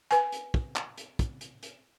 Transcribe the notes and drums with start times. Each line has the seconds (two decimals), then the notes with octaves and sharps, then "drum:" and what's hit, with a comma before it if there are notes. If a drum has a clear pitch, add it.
0.11 B4 G#5, drum: hi-hat
0.32 drum: hi-hat
0.54 drum: kick
0.76 drum: clap
0.97 drum: hi-hat
1.19 drum: kick, hi-hat
1.41 drum: hi-hat
1.63 drum: hi-hat